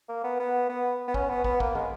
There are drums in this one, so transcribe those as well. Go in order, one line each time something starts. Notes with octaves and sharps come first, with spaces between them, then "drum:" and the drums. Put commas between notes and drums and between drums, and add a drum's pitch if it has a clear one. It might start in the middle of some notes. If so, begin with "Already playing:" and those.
A#3
B3
B3
B3
B3
C#4, drum: kick
B3
B3, drum: kick
A#3, drum: kick
G#3, drum: tom